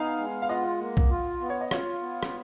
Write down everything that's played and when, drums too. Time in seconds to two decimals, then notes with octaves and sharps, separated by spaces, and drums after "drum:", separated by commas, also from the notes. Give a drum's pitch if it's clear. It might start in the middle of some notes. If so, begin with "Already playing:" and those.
Already playing: B3 D#4 F5 G#5
0.18 G#3
0.42 F5
0.49 F4 D#5 F#5
0.80 A#3
0.97 drum: kick B1
1.10 F4
1.41 B3
1.50 C#5
1.61 D#5
1.71 F4 C#5 F5, drum: rim click
2.02 B3
2.23 drum: rim click